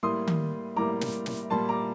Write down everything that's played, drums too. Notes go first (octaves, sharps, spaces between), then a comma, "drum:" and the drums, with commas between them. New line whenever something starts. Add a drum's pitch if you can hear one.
A2 G3 A#3 C6 D#6
drum: tom D#3
A2 G3 A#3 A#5 D6
drum: snare
drum: snare
A#2 G3 A#3 A5 C6
A#5 D6